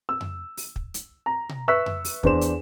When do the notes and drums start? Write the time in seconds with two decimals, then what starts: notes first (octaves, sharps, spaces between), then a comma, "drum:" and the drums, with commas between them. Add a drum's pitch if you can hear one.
0.09 E6
0.21 drum: tom F2
0.57 drum: open hi-hat
0.76 drum: kick
0.94 drum: hi-hat
1.26 A#5
1.49 drum: tom B2
1.68 B4 E5 C#6 E6 F#6 B6
1.86 drum: tom F2
2.05 drum: open hi-hat
2.23 E2 D4 C5 E7, drum: kick
2.41 drum: hi-hat